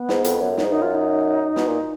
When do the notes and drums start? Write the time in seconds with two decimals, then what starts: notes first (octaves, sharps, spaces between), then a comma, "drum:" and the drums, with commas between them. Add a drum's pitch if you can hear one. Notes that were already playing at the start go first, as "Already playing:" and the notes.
Already playing: B3
0.09 G#2, drum: snare
0.24 F2, drum: hi-hat
0.41 F#2
0.57 F#2 D#4, drum: snare
0.65 G#2
0.69 F#2 D#4
0.82 F4
0.95 D#4
1.56 B2, drum: snare
1.67 A#2